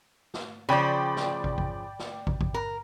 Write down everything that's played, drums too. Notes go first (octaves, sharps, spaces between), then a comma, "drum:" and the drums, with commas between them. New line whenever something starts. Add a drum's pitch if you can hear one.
drum: snare
C#3 F3 D5 G5 B5
drum: snare
drum: kick
drum: kick
drum: snare
drum: kick
drum: kick
A#4